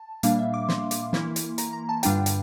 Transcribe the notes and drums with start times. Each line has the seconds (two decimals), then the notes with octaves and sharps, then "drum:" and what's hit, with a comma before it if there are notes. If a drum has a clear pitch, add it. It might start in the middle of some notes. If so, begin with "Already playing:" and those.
Already playing: A5
0.23 A#2 G3 A#3 D4 F5, drum: hi-hat
0.39 E5
0.54 D6
0.69 C6, drum: snare
0.91 drum: hi-hat
1.13 E3 A#3 E4, drum: snare
1.36 drum: hi-hat
1.58 A#5, drum: hi-hat
1.73 A#5
1.89 A5
2.03 G2 D3 G3 D4 F4 G5, drum: hi-hat
2.26 drum: hi-hat